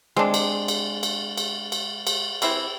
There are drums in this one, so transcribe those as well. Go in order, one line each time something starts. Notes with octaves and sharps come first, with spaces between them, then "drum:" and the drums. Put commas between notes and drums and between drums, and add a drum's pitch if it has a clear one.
G#3 C4 D4
drum: cymbal
drum: cymbal
drum: cymbal
drum: cymbal
drum: cymbal
drum: cymbal
E3 C4 E4, drum: cymbal